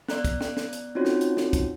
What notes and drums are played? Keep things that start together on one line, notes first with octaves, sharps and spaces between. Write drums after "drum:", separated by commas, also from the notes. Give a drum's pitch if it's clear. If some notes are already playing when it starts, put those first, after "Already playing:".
B3 D5 A#5 F#6, drum: snare
drum: kick, hi-hat
drum: snare
drum: snare
drum: hi-hat
C4 C#4 D#4 F4 F#4 C#5
drum: snare
drum: hi-hat
drum: snare
drum: kick, hi-hat